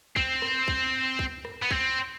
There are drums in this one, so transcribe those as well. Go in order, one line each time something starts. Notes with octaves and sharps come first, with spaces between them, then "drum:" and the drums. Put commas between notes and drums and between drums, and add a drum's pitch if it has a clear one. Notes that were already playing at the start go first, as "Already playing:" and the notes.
C4, drum: kick
drum: rim click
drum: kick
drum: kick
drum: rim click
B3
C4, drum: kick